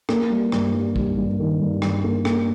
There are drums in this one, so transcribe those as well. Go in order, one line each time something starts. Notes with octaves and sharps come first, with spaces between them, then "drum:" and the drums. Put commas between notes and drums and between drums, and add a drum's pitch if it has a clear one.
A#3, drum: rim click
G3
G2, drum: rim click
G3
G3, drum: kick A#1
G2
D#3
G2
G2, drum: rim click
A#3
A#3, drum: rim click